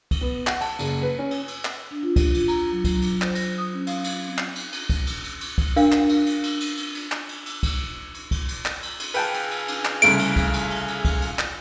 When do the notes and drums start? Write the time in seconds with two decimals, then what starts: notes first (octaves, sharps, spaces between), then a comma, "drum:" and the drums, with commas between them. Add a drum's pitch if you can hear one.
0.11 drum: kick, cymbal
0.21 B3
0.47 F#5, drum: clap
0.61 A5, drum: cymbal
0.79 F#1, drum: cymbal
1.02 B4
1.19 C#4
1.31 drum: cymbal
1.48 drum: cymbal
1.65 drum: clap
1.91 D4
2.03 F4
2.16 G4, drum: kick, cymbal
2.34 F4, drum: cymbal
2.48 A#5, drum: cymbal
2.72 F#3
2.85 drum: kick, cymbal
3.02 drum: cymbal
3.22 C5, drum: clap
3.35 A#6, drum: cymbal
3.58 D#6
3.74 C#4
3.87 F5, drum: cymbal
4.04 drum: cymbal
4.28 C4
4.38 drum: clap
4.55 drum: cymbal
4.72 drum: cymbal
4.90 drum: kick, cymbal
5.07 drum: cymbal
5.24 drum: cymbal
5.41 drum: cymbal
5.58 drum: kick, cymbal
5.76 D4 A#4 F5, drum: cymbal
5.92 drum: clap
6.09 drum: cymbal
6.26 drum: cymbal
6.43 drum: cymbal
6.60 drum: cymbal
6.77 drum: cymbal
6.95 drum: cymbal
7.12 drum: clap
7.29 drum: cymbal
7.46 drum: cymbal
7.63 drum: kick, cymbal
8.14 drum: cymbal
8.31 drum: kick, cymbal
8.48 drum: cymbal
8.65 drum: clap
8.83 drum: cymbal
9.00 drum: cymbal
9.14 G#4 B4 F5 G5 A5, drum: cymbal
9.34 drum: cymbal
9.51 drum: cymbal
9.68 drum: cymbal
9.85 drum: clap
10.02 C2 C#3 A3 D7, drum: cymbal
10.19 drum: cymbal
10.36 drum: kick, cymbal
10.53 drum: cymbal
10.70 drum: cymbal
10.88 drum: cymbal
11.05 drum: kick, cymbal
11.22 drum: cymbal
11.39 drum: clap